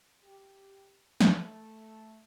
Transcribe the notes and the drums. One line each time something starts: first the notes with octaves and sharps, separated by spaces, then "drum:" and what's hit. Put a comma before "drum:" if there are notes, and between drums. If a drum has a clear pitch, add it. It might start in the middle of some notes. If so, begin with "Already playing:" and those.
G4
A3, drum: snare